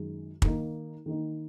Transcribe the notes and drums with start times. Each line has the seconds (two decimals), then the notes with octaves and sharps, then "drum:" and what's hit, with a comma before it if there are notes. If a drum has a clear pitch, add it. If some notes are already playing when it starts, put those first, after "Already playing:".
Already playing: F#2 D#3 G#3
0.42 D#3 A#3 D#4, drum: kick
1.06 D#3 A#3 D#4